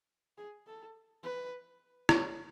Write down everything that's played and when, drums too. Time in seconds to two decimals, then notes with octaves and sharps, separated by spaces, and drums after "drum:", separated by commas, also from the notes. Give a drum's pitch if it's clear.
0.38 G#4
0.67 A4
1.23 B4
2.09 C#5, drum: rim click